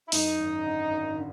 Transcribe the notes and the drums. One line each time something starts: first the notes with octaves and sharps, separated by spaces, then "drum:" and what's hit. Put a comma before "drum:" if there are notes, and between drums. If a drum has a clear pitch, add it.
E4
F#2 D#4, drum: open hi-hat
G#1
D3
G#1
D3